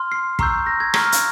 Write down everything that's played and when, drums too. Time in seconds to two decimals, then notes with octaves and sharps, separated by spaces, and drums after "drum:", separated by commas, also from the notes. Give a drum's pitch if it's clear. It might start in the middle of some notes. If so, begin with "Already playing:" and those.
Already playing: C6 F6
0.12 C7
0.39 A#5 C#6 E6 G6 C7, drum: kick
0.66 A#6
0.80 G#6
0.94 A#5 C#6 F6 G#6, drum: rim click
1.12 drum: hi-hat